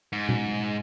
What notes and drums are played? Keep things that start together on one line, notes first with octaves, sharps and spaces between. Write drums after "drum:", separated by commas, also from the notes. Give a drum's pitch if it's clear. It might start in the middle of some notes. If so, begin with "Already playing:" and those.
G#2
drum: tom A#2